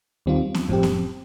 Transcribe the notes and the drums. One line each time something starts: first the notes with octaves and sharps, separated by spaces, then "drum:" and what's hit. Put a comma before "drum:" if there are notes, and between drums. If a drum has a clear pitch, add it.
D#2 D#3 G3 C4 F4
drum: snare B3
A2 F3 C4 G4, drum: kick F#2
drum: snare B3